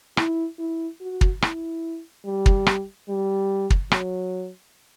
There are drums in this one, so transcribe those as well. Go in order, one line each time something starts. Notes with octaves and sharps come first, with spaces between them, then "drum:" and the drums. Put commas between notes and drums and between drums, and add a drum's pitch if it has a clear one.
E4, drum: rim click
E4
F#4
drum: kick
E4, drum: rim click
G3
drum: kick
drum: rim click
G3
drum: kick
F#3, drum: rim click